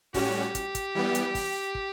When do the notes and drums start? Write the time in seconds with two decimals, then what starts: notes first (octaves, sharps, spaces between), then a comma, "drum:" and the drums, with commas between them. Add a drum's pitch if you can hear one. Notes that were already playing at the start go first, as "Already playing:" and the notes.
0.14 A2 G3 C#4 F#4 G4, drum: kick, open hi-hat
0.55 drum: kick, hi-hat
0.75 drum: kick, hi-hat
0.95 E3 G3 B3
1.15 drum: hi-hat
1.35 drum: kick, open hi-hat
1.75 drum: kick